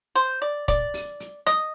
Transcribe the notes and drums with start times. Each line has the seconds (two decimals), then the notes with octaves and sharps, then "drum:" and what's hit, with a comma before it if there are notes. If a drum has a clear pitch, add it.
0.15 C5
0.42 D5
0.68 D5, drum: kick, hi-hat
0.94 drum: open hi-hat
1.20 drum: hi-hat
1.46 D#5, drum: hi-hat